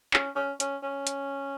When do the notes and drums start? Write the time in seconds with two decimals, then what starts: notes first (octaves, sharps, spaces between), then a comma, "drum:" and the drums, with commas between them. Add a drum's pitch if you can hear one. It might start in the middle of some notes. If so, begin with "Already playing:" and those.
0.14 C#4, drum: clap
0.36 C#4
0.60 C#4, drum: hi-hat
0.83 C#4
1.07 drum: hi-hat